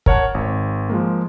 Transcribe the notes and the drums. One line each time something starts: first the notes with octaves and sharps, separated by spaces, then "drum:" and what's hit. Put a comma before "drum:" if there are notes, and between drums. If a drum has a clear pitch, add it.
A#4 C#5 F#5 A5, drum: kick
G#1
F3 G#3 A#3